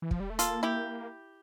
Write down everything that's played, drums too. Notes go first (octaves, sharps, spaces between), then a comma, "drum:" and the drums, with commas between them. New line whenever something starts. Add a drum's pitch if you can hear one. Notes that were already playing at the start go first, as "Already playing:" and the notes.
E3
F3, drum: kick
G3
A3
A#3 F4 A4, drum: hi-hat
E4 G4